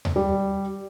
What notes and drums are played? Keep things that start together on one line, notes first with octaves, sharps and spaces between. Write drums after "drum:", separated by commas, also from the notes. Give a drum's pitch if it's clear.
drum: tom D#2
G3